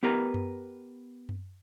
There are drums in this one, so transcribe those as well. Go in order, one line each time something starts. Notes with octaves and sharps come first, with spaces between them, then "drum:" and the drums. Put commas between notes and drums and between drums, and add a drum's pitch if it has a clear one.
B3 G4 A#4 B4 A#5
drum: tom F#2
drum: tom F#2